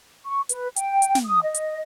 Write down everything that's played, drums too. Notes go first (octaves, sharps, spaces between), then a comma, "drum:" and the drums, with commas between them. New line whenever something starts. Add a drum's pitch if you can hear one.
C#6
B4, drum: hi-hat
G5, drum: hi-hat
drum: hi-hat
drum: snare
D#6
D#5
drum: hi-hat